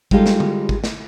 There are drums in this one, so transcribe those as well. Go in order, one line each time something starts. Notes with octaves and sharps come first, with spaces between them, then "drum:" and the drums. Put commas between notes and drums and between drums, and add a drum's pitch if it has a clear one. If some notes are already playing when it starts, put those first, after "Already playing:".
G3 G#3 D#4 F4 G4 A4, drum: kick G#1
drum: snare
drum: tom D3
drum: kick G#1
drum: snare